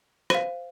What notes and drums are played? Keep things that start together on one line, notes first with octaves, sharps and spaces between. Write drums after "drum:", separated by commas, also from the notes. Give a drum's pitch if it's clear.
C5 F5 D#7, drum: rim click